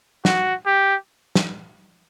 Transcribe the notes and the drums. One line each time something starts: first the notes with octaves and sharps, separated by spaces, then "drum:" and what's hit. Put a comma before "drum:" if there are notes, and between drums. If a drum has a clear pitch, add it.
F#4, drum: snare
G4
drum: snare